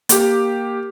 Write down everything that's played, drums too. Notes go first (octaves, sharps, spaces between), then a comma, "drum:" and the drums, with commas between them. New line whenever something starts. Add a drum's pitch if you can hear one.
A#3 G4, drum: hi-hat